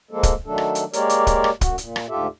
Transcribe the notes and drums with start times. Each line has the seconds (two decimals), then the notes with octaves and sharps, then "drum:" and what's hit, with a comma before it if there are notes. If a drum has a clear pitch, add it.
0.11 F3 G#3 A#3 A4
0.23 drum: kick, hi-hat
0.46 D#3 F#3 A3 D4 A4
0.58 drum: rim click
0.75 drum: hi-hat
0.93 G#3 A#3 G4 A#4 C#5 D5, drum: hi-hat
1.10 drum: hi-hat
1.27 drum: kick, hi-hat
1.44 drum: rim click
1.61 F#2 F#4, drum: kick, hi-hat
1.78 A#2, drum: hi-hat
1.96 drum: rim click
2.09 D2 G#2 F4 G4 A4 E5